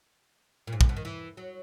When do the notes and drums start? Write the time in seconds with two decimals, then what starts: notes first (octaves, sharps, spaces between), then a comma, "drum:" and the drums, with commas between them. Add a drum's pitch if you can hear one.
0.67 A#2
0.73 G#2
0.81 A#2, drum: kick
0.89 B2
0.96 D#3
1.05 E3
1.37 F#3